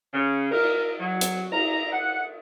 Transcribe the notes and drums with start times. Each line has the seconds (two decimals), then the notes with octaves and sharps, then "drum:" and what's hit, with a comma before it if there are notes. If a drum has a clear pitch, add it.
0.13 C#3
0.51 A#4, drum: cymbal
1.00 F#3
1.21 drum: hi-hat
1.51 A#5, drum: cymbal
1.92 F#5